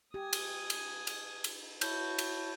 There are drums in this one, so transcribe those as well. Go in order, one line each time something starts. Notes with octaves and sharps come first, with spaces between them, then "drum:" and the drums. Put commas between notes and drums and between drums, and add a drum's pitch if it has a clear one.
G4 G#5 D#6
drum: cymbal
drum: cymbal
drum: cymbal
drum: cymbal
E4 F#4 C#5 A5 G6, drum: cymbal
drum: cymbal